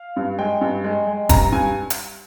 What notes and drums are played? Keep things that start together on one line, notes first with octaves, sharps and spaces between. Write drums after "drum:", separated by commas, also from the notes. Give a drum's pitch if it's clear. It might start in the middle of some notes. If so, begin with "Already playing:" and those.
Already playing: F5
G2
G#3 G5
G2
G#3
G#3
G2 A#5, drum: kick, hi-hat
G2 G#5
drum: hi-hat